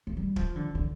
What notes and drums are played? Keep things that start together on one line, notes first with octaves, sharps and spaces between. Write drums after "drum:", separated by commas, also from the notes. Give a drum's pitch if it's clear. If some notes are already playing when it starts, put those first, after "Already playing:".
A3
G3
F3, drum: kick
D3
D3